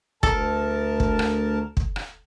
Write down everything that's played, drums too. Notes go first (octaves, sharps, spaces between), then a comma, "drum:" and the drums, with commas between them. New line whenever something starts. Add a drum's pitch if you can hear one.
D2 A4 A#4 A5, drum: kick
drum: kick
drum: rim click
drum: kick
drum: rim click